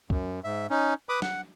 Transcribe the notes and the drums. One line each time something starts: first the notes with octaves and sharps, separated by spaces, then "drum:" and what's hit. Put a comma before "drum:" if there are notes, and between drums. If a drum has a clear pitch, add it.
F#2, drum: kick C#2
G#2 E5
C#4 D#4
B4 B5 D6 D#6
F#5, drum: snare